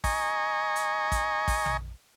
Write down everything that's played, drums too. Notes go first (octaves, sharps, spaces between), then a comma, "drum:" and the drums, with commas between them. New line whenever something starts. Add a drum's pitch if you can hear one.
D#5 G#5 A#5 C#6, drum: kick, open hi-hat
drum: hi-hat
drum: kick, hi-hat
drum: kick, open hi-hat
drum: tom A#1